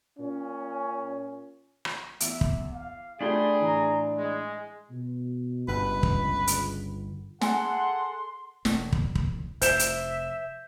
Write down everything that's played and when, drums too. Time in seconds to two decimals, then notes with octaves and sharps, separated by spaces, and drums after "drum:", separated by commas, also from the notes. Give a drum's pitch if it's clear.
0.19 A#2 C#4
1.85 drum: rim click
2.20 E2 E5, drum: hi-hat
2.41 drum: kick
2.73 F5
3.21 A3 D4 F4 G4 G#4 G5 B5 C6
3.61 A2 E3 A#5
4.18 G#3 G#5
4.91 B2
5.68 G1 C#2 B4
6.03 drum: kick
6.47 drum: hi-hat
7.41 G#4 A4 F#5 G#5 C6, drum: snare
8.65 E1 E3, drum: snare
8.92 drum: kick
9.15 drum: kick
9.62 F1 C5 E5 G6 E7, drum: hi-hat
9.79 drum: hi-hat